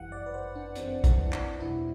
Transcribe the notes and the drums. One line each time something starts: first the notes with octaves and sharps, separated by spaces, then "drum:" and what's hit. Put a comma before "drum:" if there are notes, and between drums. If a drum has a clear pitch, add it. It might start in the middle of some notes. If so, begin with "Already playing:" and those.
Already playing: G1 F#2 E3 G3 F#5
D5
B4
C5
D4
G1 F#2 E3 G3 C4, drum: hi-hat
D4, drum: kick A#1, hi-hat
E4
D4, drum: clap
E2 B2 G3 E4